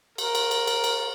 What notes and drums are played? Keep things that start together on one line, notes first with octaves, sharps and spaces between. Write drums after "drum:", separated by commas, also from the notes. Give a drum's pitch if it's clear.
A#4, drum: cymbal
drum: cymbal
drum: cymbal
drum: cymbal
drum: cymbal